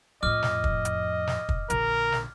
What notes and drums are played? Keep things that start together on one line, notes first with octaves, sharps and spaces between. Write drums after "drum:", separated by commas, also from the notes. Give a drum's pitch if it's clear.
F2 A2 D#5 D6 F6
drum: snare
drum: kick
drum: hi-hat
drum: snare
drum: kick
A#1 D3 A#4, drum: hi-hat
drum: snare